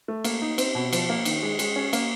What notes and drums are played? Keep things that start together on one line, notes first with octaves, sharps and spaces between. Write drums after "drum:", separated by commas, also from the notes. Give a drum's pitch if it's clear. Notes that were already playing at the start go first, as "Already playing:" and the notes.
A3
A#3, drum: cymbal
D#4
C4, drum: cymbal
B2
F3, drum: cymbal
A#3
D#3, drum: cymbal
G#3
G#3, drum: cymbal
C#4
A#3, drum: cymbal